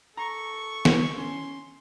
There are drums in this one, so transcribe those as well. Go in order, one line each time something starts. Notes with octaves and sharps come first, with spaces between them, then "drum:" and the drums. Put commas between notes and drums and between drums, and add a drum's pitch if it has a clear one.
A4 A#5 C#6
drum: snare
C#4 C6